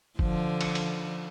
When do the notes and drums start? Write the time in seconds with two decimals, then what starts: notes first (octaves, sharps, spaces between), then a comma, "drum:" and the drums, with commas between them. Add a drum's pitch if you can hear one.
0.19 D3 F3, drum: kick
0.61 drum: cymbal
0.75 drum: cymbal